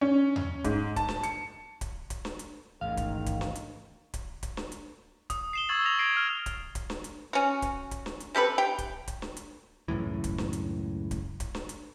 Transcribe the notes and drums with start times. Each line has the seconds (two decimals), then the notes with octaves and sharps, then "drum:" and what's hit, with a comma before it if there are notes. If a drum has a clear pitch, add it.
0.01 C#4
0.36 drum: tom E2
0.64 G#2, drum: kick D1, hi-hat
0.96 A5, drum: kick D1, hi-hat
1.08 drum: snare
1.23 C#7, drum: hi-hat
1.81 drum: kick D1, hi-hat
2.10 drum: kick D1, hi-hat
2.25 drum: snare
2.39 drum: hi-hat
2.81 A1 E2 G#2 D#3 F5
2.97 drum: kick D1, hi-hat
3.26 drum: kick D1, hi-hat
3.41 drum: snare
3.55 drum: hi-hat
4.14 drum: kick D1, hi-hat
4.43 drum: kick D1, hi-hat
4.57 drum: snare
4.72 drum: hi-hat
5.30 D#6, drum: kick D1, hi-hat
5.53 C7 E7 G7
5.69 C#6 E6 G#6 A6 F#7
5.85 D#6 A#6 F7
5.99 G#6 A#6 C7 D7 F7
6.17 F6
6.46 drum: kick D1, hi-hat
6.75 drum: kick D1, hi-hat
6.90 drum: snare
7.04 drum: hi-hat
7.33 C#4 F#4
7.62 drum: kick D1, hi-hat
7.91 drum: kick D1, hi-hat
8.06 drum: snare
8.20 drum: hi-hat
8.35 C4 G4 A4 B4
8.58 G4 G5
8.78 drum: kick D1, hi-hat
9.08 drum: kick D1, hi-hat
9.22 drum: snare
9.37 drum: hi-hat
9.88 C#2 F#2 A2 E3
10.24 drum: kick D1, hi-hat
10.38 drum: snare
10.53 drum: hi-hat
11.11 drum: kick D1, hi-hat
11.40 drum: kick D1, hi-hat
11.55 drum: snare
11.69 drum: hi-hat